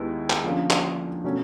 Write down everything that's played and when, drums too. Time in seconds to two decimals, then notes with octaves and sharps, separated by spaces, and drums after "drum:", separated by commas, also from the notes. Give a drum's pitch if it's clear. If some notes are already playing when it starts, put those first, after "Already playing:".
Already playing: D#2 D#3 G#3 B3 E4
0.30 drum: clap
0.43 D3 F3 A#3 C#4
0.70 drum: clap
1.24 B2 F#3 A3 C#4